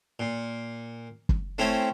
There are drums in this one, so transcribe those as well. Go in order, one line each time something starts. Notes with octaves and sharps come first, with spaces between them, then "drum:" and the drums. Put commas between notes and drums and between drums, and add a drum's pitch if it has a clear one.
A#2
drum: kick
A3 C4 C#4 E4